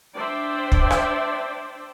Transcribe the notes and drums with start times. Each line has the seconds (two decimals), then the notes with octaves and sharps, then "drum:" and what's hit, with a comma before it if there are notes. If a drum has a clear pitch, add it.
0.15 D4 C5 D5 E5 G5
0.72 drum: kick
0.90 drum: rim click